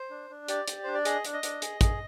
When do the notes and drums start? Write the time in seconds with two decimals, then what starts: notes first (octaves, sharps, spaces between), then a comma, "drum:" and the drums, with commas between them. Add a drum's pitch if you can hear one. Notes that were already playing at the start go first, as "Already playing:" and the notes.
Already playing: C5
0.10 D4
0.30 D4
0.48 G4 D5, drum: hi-hat
0.68 G4, drum: hi-hat
0.83 D4 C5
0.94 D5
1.05 G#4 D#5, drum: hi-hat
1.25 D4, drum: hi-hat
1.34 D#5
1.43 D4, drum: hi-hat
1.62 G#4, drum: hi-hat
1.81 G#4, drum: kick, hi-hat